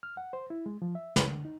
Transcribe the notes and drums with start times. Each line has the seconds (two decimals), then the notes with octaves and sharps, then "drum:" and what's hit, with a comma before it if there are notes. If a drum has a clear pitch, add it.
0.03 F6
0.17 F#5
0.33 C5
0.50 E4
0.66 G#3
0.82 F3
0.95 E5
1.16 C#3, drum: snare
1.32 D3
1.45 D#4